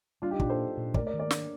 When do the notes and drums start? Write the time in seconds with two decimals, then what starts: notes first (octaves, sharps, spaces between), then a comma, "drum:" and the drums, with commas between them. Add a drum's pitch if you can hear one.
0.22 G3 D4 F4
0.31 D#4 G4
0.40 A#2 D4 F4, drum: kick
0.50 A4 C5
0.59 D4
0.77 A#2
0.94 A3 A#4 D5, drum: kick
1.07 A#4 D5
1.13 D#3
1.19 A#4 D5
1.31 D4, drum: snare